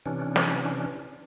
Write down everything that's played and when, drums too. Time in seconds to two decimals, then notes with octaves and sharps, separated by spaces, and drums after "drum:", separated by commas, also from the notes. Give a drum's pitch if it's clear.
0.06 C3 E3 C#4 D4
0.36 drum: snare